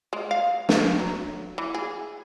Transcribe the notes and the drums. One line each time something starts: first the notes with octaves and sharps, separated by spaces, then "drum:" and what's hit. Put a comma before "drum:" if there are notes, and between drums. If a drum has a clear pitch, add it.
G#3
F5
A3, drum: snare
F#3
E3
G#4